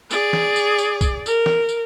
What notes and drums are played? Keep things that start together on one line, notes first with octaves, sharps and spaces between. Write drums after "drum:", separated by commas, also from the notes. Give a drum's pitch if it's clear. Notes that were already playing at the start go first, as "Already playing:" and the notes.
G#4 D5, drum: tambourine
drum: snare
drum: tambourine
drum: tambourine
drum: kick, tambourine
A#4, drum: tambourine
drum: snare
drum: tambourine